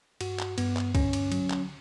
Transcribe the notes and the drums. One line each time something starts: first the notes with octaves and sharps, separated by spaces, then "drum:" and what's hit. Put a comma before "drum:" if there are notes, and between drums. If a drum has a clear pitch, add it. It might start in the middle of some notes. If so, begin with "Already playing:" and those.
G2 F#4, drum: cymbal
drum: clap
G2 B3, drum: cymbal
drum: clap
D3 C#4, drum: kick C2, cymbal
drum: cymbal
F#3, drum: cymbal
drum: clap